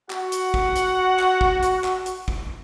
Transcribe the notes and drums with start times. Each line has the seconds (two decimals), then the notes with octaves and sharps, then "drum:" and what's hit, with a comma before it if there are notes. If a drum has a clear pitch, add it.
0.10 F#4 F#5, drum: clap
0.32 drum: hi-hat
0.54 drum: kick
0.76 drum: hi-hat
1.19 drum: clap
1.41 drum: kick
1.63 drum: hi-hat
1.84 drum: clap
2.06 drum: hi-hat
2.28 drum: kick